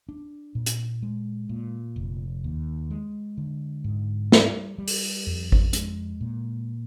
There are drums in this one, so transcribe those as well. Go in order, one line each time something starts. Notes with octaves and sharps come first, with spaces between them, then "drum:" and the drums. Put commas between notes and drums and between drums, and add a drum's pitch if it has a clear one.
D4
A#2
drum: hi-hat
G#3
A#2
F1
D#2
G#3
D3
G#2
G3, drum: snare
G3
drum: open hi-hat
F2
drum: kick G#1
G#3, drum: hi-hat
A#2